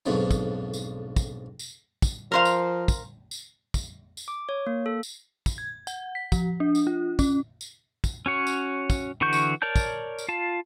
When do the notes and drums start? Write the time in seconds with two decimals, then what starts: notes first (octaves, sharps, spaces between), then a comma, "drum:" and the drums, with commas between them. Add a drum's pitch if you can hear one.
0.06 B1 F2 G#2 D3 F3 F#3
0.31 drum: kick, tambourine
0.74 drum: tambourine
1.16 drum: kick, tambourine
1.59 drum: tambourine
2.02 drum: kick, tambourine
2.32 F3 A#4 C5 F5
2.45 drum: tambourine
2.88 drum: kick, tambourine
3.31 drum: tambourine
3.74 drum: kick, tambourine
4.17 drum: tambourine
4.28 D6
4.49 C#5
4.67 A#3
4.86 A4
5.03 drum: tambourine
5.46 drum: kick, tambourine
5.58 G#6
5.87 F#5, drum: tambourine
6.15 B6
6.32 F3, drum: kick, tambourine
6.60 D4
6.75 drum: tambourine
6.87 F4
7.19 C#4, drum: kick, tambourine
7.61 drum: tambourine
8.04 drum: kick, tambourine
8.26 C#4 F#4 C#5
8.47 drum: tambourine
8.90 drum: kick, tambourine
9.21 D3 E3 F#4 C#6 G6
9.33 drum: tambourine
9.62 A#4 C#5 D5 A5 G6
9.76 drum: kick, tambourine
10.19 drum: tambourine
10.28 F4 F5 A5